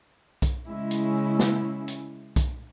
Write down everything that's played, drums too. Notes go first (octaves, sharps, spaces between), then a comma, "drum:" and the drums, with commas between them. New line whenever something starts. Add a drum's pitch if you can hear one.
drum: kick B1, hi-hat
C#3 G#3 C#4 E4
drum: hi-hat
drum: snare
drum: hi-hat
drum: kick B1, hi-hat